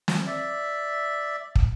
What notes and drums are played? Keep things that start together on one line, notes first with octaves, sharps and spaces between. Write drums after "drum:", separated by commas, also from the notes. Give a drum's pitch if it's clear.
drum: snare
D5 E5
drum: kick